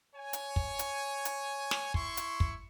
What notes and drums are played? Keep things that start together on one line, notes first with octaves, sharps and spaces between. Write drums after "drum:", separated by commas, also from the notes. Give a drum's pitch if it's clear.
C#5 G#5
drum: hi-hat
drum: kick
drum: hi-hat
drum: hi-hat
drum: snare
E4 C6 C#6, drum: kick
drum: hi-hat
drum: kick